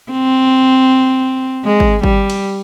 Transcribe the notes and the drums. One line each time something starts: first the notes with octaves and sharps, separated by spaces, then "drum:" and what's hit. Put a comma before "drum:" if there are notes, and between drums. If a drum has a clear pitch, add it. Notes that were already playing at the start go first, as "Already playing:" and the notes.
C4
G#3
drum: kick G#1
G3, drum: kick G#1
drum: cymbal